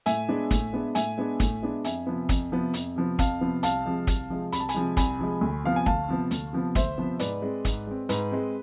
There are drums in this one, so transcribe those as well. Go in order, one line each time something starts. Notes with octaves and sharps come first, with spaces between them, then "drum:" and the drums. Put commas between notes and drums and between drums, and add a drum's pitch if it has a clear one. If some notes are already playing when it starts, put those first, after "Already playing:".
A2 E5 G#5, drum: hi-hat
G#3 B3 D4
A2, drum: kick, hi-hat
G#3 B3 D4
A2 E5 G#5, drum: hi-hat
G#3 B3 D4
A2, drum: kick, hi-hat
G#3 B3 D4
F2 E5 G#5, drum: hi-hat
C3 F3 B3
F2, drum: kick, hi-hat
C3 F3 B3
F2, drum: hi-hat
C3 F3 B3
F2 F5 A5, drum: kick, hi-hat
C3 F3 B3
C2 F5 A5, drum: hi-hat
C3 F3 G#3
C2, drum: kick, hi-hat
C3 F3 G#3
C2 B5, drum: hi-hat
A5
G#5 B5, drum: hi-hat
C3 F3 G#3
C2 G#5 B5, drum: kick, hi-hat
C3 F3 G#3
D2
C3 F3 B3 F5
G#5
D2 F5 A5, drum: kick
C3 F3 B3
D2, drum: hi-hat
C3 F3 B3
D2 C5 E5, drum: kick, hi-hat
C3 F3 B3
G#2 B4 D5, drum: hi-hat
G#3 C4
G#2, drum: kick, hi-hat
G#3 C4
G#2 B4, drum: hi-hat
G#3 C4